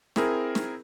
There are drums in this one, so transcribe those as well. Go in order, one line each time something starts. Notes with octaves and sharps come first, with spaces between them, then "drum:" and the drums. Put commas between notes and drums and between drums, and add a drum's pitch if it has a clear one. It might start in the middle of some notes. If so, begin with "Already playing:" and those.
C4 E4 G#4 A#4, drum: snare
drum: snare